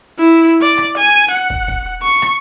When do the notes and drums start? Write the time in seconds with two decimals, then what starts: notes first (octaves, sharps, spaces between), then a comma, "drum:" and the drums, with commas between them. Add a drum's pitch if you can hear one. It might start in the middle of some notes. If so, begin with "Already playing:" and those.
0.19 E4
0.62 D5
0.78 drum: rim click
0.97 G#5
1.32 F#5
1.50 drum: kick
1.68 drum: kick
2.02 C#6
2.22 drum: rim click